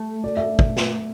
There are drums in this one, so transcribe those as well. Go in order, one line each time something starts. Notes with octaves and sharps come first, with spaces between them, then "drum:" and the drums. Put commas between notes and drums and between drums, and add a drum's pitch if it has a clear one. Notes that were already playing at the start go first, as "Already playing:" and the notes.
Already playing: A3
D5
E5
drum: kick
drum: snare